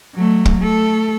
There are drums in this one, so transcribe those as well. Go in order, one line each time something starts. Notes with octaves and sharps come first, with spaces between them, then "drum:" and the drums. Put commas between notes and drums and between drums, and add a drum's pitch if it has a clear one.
F#3 A3
drum: kick
A3 A4